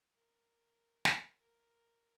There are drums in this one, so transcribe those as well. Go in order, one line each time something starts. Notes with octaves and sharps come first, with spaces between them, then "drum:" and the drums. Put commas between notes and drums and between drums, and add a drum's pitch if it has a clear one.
A#4
drum: snare
A#4